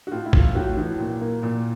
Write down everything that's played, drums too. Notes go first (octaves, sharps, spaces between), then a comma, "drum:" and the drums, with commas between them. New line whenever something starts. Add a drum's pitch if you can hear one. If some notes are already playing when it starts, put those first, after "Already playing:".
F#4
A2 F4
E4
A3 F4, drum: kick A1
A2 F#3 F#4
E3 F#3 F#4
A#2
A#3
A#2